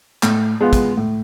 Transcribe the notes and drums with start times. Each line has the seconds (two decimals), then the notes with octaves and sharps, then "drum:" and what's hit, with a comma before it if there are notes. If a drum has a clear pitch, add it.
0.23 A2, drum: clap
0.61 G#3 B3 F4
0.73 drum: kick, hi-hat
0.97 A2